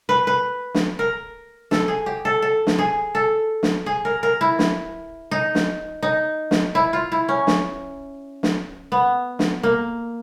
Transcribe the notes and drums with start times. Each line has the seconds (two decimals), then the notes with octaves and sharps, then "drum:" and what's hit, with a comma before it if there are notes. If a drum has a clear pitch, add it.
0.09 B4
0.27 B4
0.75 drum: snare
0.99 A#4
1.71 A4, drum: snare
1.88 G#4
2.06 G4
2.25 A4
2.42 A4
2.67 drum: snare
2.79 G#4
3.15 A4
3.63 drum: snare
3.86 G#4
4.05 A#4
4.23 A#4
4.41 E4
4.59 drum: snare
5.31 D#4
5.55 drum: snare
6.03 D#4
6.51 drum: snare
6.75 E4
6.93 F4
7.12 E4
7.29 C#4
7.47 drum: snare
8.43 drum: snare
8.92 B3
9.39 drum: snare
9.63 A#3